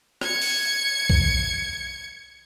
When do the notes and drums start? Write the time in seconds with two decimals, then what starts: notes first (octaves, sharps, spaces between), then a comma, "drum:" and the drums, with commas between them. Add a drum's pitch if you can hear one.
0.21 G#6 C#7, drum: rim click
0.42 drum: open hi-hat
1.10 drum: kick B1